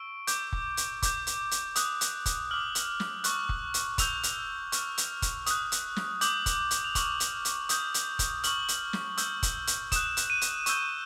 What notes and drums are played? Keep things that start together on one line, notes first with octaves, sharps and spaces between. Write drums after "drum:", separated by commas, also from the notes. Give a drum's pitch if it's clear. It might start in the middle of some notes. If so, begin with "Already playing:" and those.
Already playing: C#6 E6 D7
D6 G6, drum: hi-hat
drum: kick
drum: hi-hat
D6 G6, drum: kick, hi-hat
drum: hi-hat
drum: hi-hat
D#6 F#6, drum: hi-hat
drum: hi-hat
drum: kick, hi-hat
D6 F6 F#7
drum: hi-hat
drum: snare
C#6 F#6, drum: hi-hat
drum: kick
drum: hi-hat
C#6 E6 G6 F7, drum: kick, hi-hat
drum: hi-hat
C#6 F6, drum: hi-hat
drum: hi-hat
drum: kick, hi-hat
D#6 F#6, drum: hi-hat
drum: hi-hat
drum: snare
D6 G6 F#7, drum: hi-hat
drum: kick, hi-hat
drum: hi-hat
F7
C#6 F6 F#7, drum: kick, hi-hat
drum: hi-hat
drum: hi-hat
D#6 G6, drum: hi-hat
drum: hi-hat
drum: kick, hi-hat
C#6 F6 F#7, drum: hi-hat
drum: hi-hat
drum: snare
C#6 E6 G6, drum: hi-hat
drum: kick, hi-hat
drum: hi-hat
D#6 F#6 E7, drum: kick, hi-hat
drum: hi-hat
D#7
drum: hi-hat
C#6 E6 G6, drum: hi-hat